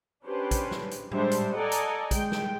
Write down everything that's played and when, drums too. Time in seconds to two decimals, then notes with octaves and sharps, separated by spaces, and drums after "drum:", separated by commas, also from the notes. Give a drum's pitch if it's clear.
0.25 C#4 D4 G4 B4 C5
0.51 drum: kick, hi-hat
0.71 drum: snare
0.91 drum: hi-hat
1.11 G3 G#3 D4 C5 E5, drum: tom G#2
1.31 drum: hi-hat
1.55 A4 D5 D#5 F#5 G#5 A#5
1.72 drum: hi-hat
2.11 G#3 G5, drum: kick, hi-hat
2.32 drum: snare